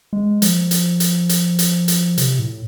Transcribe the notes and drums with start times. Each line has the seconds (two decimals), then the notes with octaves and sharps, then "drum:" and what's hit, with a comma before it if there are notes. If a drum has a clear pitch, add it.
0.13 G#3
0.42 F3, drum: hi-hat
0.71 drum: hi-hat
1.00 drum: hi-hat
1.29 drum: hi-hat
1.59 drum: hi-hat
1.88 drum: hi-hat
2.18 C3, drum: hi-hat
2.39 A2